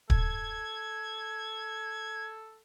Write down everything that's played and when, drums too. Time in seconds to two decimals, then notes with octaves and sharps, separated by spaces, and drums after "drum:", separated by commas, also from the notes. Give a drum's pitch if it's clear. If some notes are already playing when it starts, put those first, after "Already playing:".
0.10 A4 G#6, drum: kick